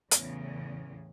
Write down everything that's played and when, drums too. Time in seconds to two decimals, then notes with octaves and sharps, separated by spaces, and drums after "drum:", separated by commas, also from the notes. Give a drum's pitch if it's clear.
0.11 E2 A2 C#3, drum: hi-hat